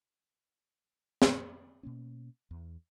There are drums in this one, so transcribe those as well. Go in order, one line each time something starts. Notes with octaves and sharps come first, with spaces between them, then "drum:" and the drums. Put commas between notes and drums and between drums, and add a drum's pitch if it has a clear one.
drum: snare
B2 A#3 C#4
E2